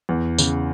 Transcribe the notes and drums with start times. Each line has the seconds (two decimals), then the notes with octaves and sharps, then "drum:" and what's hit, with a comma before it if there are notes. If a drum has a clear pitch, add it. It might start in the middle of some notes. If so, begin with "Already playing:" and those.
0.09 E2
0.38 C#3, drum: tambourine